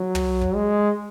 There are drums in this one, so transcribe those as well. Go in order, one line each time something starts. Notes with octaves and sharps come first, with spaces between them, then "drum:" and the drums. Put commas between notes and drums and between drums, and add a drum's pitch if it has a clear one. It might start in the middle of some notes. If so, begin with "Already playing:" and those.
Already playing: F#3
drum: tom
drum: kick
G#3